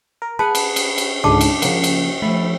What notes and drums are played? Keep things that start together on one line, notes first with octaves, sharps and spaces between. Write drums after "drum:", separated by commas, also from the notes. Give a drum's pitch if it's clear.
A#4
G#4 B4 F#5 A5
drum: cymbal
drum: cymbal
drum: cymbal
C#2 G#2 D3 A5 D6
drum: cymbal
C#3 F3 A#3 F#5, drum: cymbal
drum: cymbal
F3 A3 B5